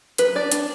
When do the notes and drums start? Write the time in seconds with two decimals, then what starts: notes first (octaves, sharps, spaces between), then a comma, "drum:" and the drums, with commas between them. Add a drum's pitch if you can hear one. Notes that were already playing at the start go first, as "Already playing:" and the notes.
0.18 F#3 B4, drum: hi-hat
0.35 D4 D5
0.52 D4, drum: hi-hat